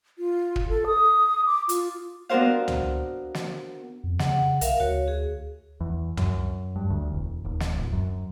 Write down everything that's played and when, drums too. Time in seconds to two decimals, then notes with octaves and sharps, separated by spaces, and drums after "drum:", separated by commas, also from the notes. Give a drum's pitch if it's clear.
0.19 F4
0.56 drum: kick
0.69 A4
0.87 D#6
1.46 D6
1.69 F4, drum: hi-hat
2.29 B3 D4 F#4 A#4 C5 F5
2.68 drum: tom
3.35 drum: snare
4.04 F2
4.19 C#3 F#5, drum: snare
4.61 B1 A#4 E5 F5, drum: hi-hat
4.80 D2 F#4 C#5
5.08 G#4
5.81 E2
6.17 F#2, drum: tom
6.76 G2
6.90 D2
7.13 E1
7.45 D#1
7.60 drum: snare
7.77 D1
7.92 F#2